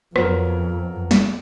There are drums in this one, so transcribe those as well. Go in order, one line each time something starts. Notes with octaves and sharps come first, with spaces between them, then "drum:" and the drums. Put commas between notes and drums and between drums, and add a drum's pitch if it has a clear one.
F2 F#3 B3 A#4, drum: rim click
drum: snare